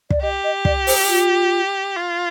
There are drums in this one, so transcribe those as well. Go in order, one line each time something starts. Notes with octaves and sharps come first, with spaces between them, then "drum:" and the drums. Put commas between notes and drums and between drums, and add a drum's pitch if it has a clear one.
D5, drum: kick
G4 D#5
D#5
D5, drum: kick
C5, drum: open hi-hat
F4
F4